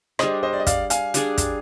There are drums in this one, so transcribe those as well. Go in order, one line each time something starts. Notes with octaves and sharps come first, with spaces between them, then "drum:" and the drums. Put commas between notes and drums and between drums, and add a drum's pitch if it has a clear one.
G3 D4 G#4 C5 D#5, drum: rim click
C5 D#5
D5
D#5
D5 F5, drum: kick, hi-hat
F5 G#5, drum: hi-hat
G3 D4 G#4, drum: hi-hat
drum: kick, hi-hat